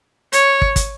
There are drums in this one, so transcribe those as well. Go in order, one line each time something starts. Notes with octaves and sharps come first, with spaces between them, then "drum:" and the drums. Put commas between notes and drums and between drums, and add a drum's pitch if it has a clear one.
C#5, drum: hi-hat
drum: kick
drum: kick, hi-hat